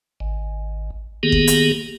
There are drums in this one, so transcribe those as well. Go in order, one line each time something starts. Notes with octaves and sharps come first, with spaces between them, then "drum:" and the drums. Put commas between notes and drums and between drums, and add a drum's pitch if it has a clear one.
G#1
D#3 A#3 B3 G4 G#4
drum: kick G1
drum: hi-hat